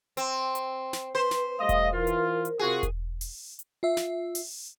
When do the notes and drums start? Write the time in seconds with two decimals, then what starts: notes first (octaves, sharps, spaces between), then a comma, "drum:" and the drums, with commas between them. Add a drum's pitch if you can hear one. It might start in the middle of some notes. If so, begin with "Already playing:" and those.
0.17 C4, drum: hi-hat
0.55 drum: hi-hat
0.93 drum: snare
1.15 B4 C5
1.31 drum: snare
1.59 G3 A3 D#5 F5 D#6
1.69 drum: kick E1, hi-hat
1.93 E3 F4 A#4
2.07 drum: hi-hat
2.45 drum: hi-hat
2.59 C3 F4 F#4 G#4
2.83 drum: kick E1, hi-hat
3.21 drum: open hi-hat
3.59 drum: hi-hat
3.83 F4 E5
3.97 drum: snare
4.35 drum: open hi-hat